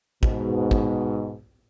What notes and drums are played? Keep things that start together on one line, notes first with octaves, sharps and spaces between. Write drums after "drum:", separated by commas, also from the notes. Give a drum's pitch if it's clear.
G#2 B2, drum: kick
drum: kick